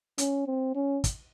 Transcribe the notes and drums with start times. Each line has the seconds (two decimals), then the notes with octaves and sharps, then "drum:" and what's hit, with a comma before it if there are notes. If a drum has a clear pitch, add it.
0.18 C#4, drum: hi-hat
0.47 C4
0.75 C#4
1.04 drum: kick, hi-hat